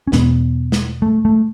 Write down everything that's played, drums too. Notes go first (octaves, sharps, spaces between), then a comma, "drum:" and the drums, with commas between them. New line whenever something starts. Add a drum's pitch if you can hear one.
C#4
E2 B2 B3, drum: snare
drum: snare
A3
A3